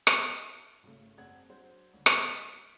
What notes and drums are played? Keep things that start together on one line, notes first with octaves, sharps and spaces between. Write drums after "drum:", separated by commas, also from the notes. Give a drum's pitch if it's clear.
E5 A5, drum: rim click
G#1 C#3 A3
F#1 C4 D5 F#5 G#6
F#3 D4 C5 F#5
C#2 D3
drum: rim click
E6 A6 B6 C7 D7